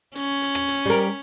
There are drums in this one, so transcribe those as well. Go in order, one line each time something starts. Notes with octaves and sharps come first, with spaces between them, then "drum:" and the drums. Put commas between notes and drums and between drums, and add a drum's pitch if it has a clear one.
C#4, drum: hi-hat
drum: hi-hat
drum: rim click
drum: hi-hat
G3 A#4